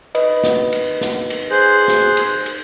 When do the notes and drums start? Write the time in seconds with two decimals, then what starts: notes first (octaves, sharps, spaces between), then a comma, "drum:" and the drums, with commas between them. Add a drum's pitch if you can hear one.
0.15 B4 D#5, drum: cymbal
0.44 drum: snare
0.72 drum: cymbal
1.01 drum: snare
1.30 drum: cymbal
1.51 G#4 C5 F#6
1.88 drum: snare
2.17 drum: cymbal
2.46 drum: cymbal